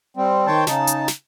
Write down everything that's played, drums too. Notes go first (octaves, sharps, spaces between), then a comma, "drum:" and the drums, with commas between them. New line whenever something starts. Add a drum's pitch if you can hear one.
G3 C4
D#3 C5 C#5 G5 A5
C#3 D#4 A5, drum: snare
drum: hi-hat
drum: snare